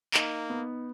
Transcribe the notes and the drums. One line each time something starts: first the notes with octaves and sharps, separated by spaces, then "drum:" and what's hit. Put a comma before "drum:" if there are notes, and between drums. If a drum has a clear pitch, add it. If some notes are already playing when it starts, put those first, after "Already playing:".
A#3 D#4, drum: clap
B3